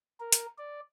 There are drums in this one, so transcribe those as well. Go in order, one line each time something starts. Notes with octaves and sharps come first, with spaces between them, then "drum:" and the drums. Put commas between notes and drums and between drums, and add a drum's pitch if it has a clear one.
A#4
drum: hi-hat
D5